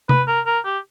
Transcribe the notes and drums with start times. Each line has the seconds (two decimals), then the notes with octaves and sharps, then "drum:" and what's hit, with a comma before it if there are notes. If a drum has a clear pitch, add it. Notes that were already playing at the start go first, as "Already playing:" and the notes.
0.09 B4, drum: tom C3
0.28 A#4
0.46 A#4
0.65 G4